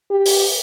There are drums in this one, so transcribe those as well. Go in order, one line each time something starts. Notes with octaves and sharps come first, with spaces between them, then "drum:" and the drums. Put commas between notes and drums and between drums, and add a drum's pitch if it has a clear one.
G4
drum: open hi-hat